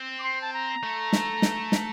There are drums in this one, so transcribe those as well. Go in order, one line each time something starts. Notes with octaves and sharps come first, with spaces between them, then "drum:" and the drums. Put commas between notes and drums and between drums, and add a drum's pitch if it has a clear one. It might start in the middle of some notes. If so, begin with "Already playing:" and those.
Already playing: C4
D6
C6
A5
A#5
A3
drum: snare
drum: snare
drum: snare